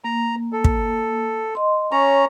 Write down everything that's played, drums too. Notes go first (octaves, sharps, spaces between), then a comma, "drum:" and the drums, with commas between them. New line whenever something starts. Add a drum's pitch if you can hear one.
A#3 A#5
A4
drum: kick
D#5 C6
C#4 C#5 A#5 C#6